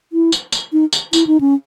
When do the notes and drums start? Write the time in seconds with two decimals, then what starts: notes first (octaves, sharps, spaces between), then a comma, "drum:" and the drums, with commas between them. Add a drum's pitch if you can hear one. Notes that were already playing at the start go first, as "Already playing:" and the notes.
0.13 E4
0.32 drum: tambourine
0.52 drum: tambourine
0.73 D#4
0.93 drum: tambourine
1.13 E4, drum: tambourine
1.27 D#4
1.41 C#4